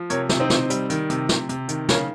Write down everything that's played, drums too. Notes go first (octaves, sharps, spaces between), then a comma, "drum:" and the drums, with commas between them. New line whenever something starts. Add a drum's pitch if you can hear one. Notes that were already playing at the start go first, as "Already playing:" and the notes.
Already playing: F3
C3 A#4 C#5, drum: hi-hat
C3, drum: snare
C4 D#4
C3, drum: snare
G3, drum: hi-hat
D#3, drum: hi-hat
C3, drum: hi-hat
C3, drum: snare
C3, drum: hi-hat
D#3, drum: hi-hat
C#3 A#4 C#5, drum: snare